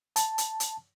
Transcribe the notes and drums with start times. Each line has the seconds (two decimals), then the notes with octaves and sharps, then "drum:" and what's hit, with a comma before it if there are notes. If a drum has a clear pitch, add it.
0.16 A5, drum: hi-hat
0.38 drum: hi-hat
0.60 drum: hi-hat